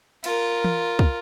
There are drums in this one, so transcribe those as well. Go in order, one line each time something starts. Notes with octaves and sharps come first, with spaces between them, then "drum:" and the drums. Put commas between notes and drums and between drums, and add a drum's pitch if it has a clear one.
F4 A#4, drum: cymbal
drum: tom E3
drum: kick